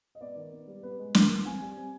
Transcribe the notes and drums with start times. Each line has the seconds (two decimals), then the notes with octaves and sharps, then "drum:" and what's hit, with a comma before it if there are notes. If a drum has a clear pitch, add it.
0.15 D#5
0.21 B3 D5
0.36 D#3
0.52 B3
0.67 G3
0.83 B3 B4
0.99 G#3
1.15 D#3, drum: snare
1.30 B3
1.45 C4 G#5
1.61 G3
1.76 C4